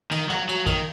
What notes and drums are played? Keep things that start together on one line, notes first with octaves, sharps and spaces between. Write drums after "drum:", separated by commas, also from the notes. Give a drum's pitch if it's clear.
D#3, drum: cymbal
F#3, drum: snare
F#3, drum: cymbal
D#3, drum: kick, cymbal